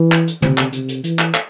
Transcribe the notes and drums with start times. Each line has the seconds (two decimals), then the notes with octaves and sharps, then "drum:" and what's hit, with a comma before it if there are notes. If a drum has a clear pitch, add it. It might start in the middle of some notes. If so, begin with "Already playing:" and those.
Already playing: E3
0.12 drum: clap
0.27 drum: hi-hat
0.42 C3, drum: tom
0.58 drum: clap
0.73 C3, drum: hi-hat
0.88 drum: hi-hat
1.04 E3, drum: hi-hat
1.19 drum: clap
1.34 drum: clap